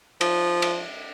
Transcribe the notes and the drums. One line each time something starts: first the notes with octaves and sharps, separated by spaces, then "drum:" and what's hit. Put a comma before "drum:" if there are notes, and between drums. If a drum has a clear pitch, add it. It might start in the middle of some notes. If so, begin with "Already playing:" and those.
F3, drum: cymbal
drum: cymbal